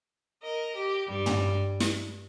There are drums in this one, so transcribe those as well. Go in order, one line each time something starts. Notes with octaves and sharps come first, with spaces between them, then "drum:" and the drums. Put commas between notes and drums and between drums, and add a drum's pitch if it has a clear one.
A#4 D#5
G4
G2 G3
drum: tom
drum: snare